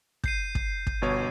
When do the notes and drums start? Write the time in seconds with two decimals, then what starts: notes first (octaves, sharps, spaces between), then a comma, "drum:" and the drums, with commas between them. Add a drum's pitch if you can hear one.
0.24 G6 C7 D#7, drum: kick
0.55 drum: kick
0.87 drum: kick
1.02 G1 B2 C#5